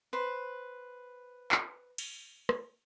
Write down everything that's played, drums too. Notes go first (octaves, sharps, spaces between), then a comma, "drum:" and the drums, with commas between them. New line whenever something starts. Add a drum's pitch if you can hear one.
B4 C5 B5
drum: clap
drum: cymbal
drum: rim click